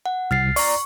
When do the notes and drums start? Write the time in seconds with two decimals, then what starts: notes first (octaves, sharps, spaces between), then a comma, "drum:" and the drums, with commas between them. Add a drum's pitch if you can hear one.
0.06 F#5
0.31 C2 F6 A6 C7
0.56 D5 A#5 C#6, drum: open hi-hat